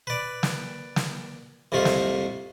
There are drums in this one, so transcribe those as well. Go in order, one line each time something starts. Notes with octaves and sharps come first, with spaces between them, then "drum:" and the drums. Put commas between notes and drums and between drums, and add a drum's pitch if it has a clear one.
B4 D5
drum: snare
drum: snare
C2 F2 C3 A3 F4
drum: snare